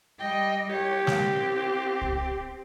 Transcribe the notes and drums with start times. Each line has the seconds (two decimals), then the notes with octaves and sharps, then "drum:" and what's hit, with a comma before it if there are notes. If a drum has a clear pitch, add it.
0.20 G3 D#5 G5
0.69 G3 G4 C#5
1.07 C4, drum: snare
2.02 drum: kick C2